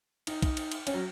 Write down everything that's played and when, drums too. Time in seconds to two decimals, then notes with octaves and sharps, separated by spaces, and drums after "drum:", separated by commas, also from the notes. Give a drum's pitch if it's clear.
0.27 D#4, drum: cymbal
0.42 D#4, drum: kick, cymbal
0.57 drum: cymbal
0.72 drum: cymbal
0.87 C#4, drum: cymbal
0.94 F#3